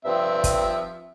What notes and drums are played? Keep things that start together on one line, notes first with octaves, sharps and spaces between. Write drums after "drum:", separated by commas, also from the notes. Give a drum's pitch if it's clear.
G2 F3 C4 E5
drum: kick, hi-hat